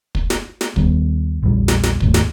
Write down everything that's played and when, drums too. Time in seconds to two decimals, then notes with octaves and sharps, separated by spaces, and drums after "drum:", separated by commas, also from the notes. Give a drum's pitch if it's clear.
0.15 drum: kick
0.30 drum: snare
0.61 drum: snare
0.76 D#2 G3 B3, drum: kick
1.42 A#1 E2 G3
1.68 drum: snare
1.83 drum: snare
2.00 D#2 G#2 A3, drum: kick
2.14 drum: snare